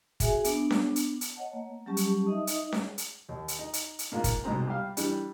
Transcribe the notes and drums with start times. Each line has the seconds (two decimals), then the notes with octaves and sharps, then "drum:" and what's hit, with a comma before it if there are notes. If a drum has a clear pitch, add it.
0.20 F#4 G#4 E5 G#5, drum: kick, hi-hat
0.44 B3 D4 D6, drum: hi-hat
0.71 drum: snare C#4
0.96 drum: hi-hat
1.21 drum: hi-hat
1.35 C#5 D#5 F#5 A5
1.53 A#3
1.86 F#3 G3 C#4 G4 A5 C#6
1.97 drum: hi-hat
2.27 D#4 D#5 E5 D#6
2.47 drum: hi-hat
2.72 drum: snare C#4
2.98 drum: hi-hat
3.29 D#2
3.48 drum: hi-hat
3.59 D#4
3.73 drum: hi-hat
3.99 drum: hi-hat
4.12 G#2 A#3 F4
4.24 drum: kick, hi-hat
4.44 C2 G#2 B2 C4 A#5
4.67 G3 G4 F5
4.97 E3 G3 D4, drum: hi-hat